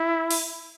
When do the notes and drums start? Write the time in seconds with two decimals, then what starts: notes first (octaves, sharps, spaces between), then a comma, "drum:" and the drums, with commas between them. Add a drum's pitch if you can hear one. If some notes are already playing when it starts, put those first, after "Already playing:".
Already playing: E4
0.31 drum: open hi-hat